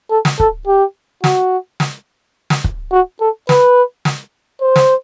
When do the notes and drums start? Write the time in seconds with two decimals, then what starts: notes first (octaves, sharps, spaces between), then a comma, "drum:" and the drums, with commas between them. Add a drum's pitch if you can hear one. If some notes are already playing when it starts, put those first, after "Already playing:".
0.11 A4
0.25 drum: snare
0.40 A4, drum: kick
0.67 G4
1.24 F#4, drum: snare
1.80 drum: snare
2.50 drum: snare
2.64 drum: kick
2.92 F#4
3.21 A4
3.49 B4, drum: snare
4.05 drum: snare
4.62 C5
4.76 drum: snare